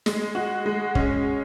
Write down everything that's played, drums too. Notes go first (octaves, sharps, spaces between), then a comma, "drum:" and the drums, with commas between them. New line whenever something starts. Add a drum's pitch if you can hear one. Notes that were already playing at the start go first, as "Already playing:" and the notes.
G#3, drum: snare
F#4
G#3
C#4, drum: kick